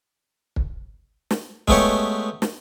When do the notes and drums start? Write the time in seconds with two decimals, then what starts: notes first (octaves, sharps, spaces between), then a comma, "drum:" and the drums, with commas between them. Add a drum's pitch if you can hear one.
0.56 drum: kick
1.31 drum: snare
1.68 G#3 A3 B3 G4 C#5, drum: kick
2.42 drum: snare